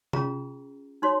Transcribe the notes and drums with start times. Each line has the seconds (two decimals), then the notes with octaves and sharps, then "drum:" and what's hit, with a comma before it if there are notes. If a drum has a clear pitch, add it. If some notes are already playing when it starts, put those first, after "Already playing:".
0.13 C#4 F4 G#4 A#5, drum: tom C3
1.02 D#4 F#4 C#5 C6